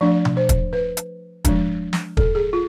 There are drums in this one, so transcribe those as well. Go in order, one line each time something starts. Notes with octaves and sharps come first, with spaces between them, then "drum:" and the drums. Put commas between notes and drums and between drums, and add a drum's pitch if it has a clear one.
F3 A3 D4 D5
drum: tom B2
C5
drum: kick, hi-hat
B4
drum: hi-hat
F3 G#3 D4, drum: kick, hi-hat
drum: snare
A4, drum: kick
G#4
F4